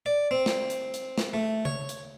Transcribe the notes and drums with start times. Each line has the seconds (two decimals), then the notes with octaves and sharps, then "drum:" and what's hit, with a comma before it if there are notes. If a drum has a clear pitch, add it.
0.06 D5
0.31 C4
0.46 drum: snare
0.70 drum: hi-hat
0.94 drum: hi-hat
1.18 drum: snare
1.34 A3
1.65 C#5, drum: tom C#3
1.89 drum: hi-hat